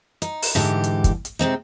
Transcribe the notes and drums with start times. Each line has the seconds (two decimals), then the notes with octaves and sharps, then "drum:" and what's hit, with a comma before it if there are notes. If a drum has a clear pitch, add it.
0.22 D#4, drum: hi-hat
0.42 drum: open hi-hat
0.55 G#2 D3 E3 G4
0.84 drum: hi-hat
1.04 drum: kick, hi-hat
1.25 drum: hi-hat
1.39 C3 G#3 C4 D#4